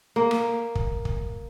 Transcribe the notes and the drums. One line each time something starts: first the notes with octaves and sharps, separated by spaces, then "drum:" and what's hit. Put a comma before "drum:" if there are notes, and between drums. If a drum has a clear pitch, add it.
A#3
drum: rim click
drum: kick
drum: kick